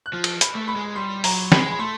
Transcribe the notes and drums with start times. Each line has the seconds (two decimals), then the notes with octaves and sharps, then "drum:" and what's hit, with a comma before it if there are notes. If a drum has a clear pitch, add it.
0.06 F#6
0.12 F3 F6
0.24 drum: cymbal
0.41 B5, drum: hi-hat
0.55 A3
0.68 B5
0.76 G#3
0.96 G3 C6
1.24 F#3 A#5, drum: open hi-hat
1.52 G#3 B5, drum: snare
1.71 B5
1.79 A3 C6